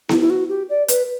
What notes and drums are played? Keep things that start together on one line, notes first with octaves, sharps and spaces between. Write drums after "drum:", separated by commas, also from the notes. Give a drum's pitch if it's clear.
E4, drum: snare B3
E4
F#4
G4
D5
B4, drum: hi-hat